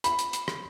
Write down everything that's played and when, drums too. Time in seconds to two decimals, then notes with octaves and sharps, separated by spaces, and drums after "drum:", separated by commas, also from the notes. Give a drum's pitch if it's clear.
0.04 B5, drum: hi-hat
0.19 drum: hi-hat
0.33 drum: hi-hat
0.48 drum: rim click